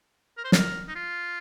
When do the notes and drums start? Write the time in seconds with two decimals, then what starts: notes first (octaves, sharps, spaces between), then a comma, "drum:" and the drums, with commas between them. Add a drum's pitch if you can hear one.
0.37 A#4
0.44 C5
0.52 A#4, drum: snare
0.88 D#4
0.95 F4